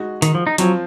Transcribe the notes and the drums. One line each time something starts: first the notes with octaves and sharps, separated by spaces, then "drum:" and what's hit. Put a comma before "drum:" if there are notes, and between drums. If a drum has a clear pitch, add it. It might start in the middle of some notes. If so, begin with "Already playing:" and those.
Already playing: G#3 D#4 F#4
D#3, drum: hi-hat
F3
D#4
F3 F#3 C4 F4, drum: hi-hat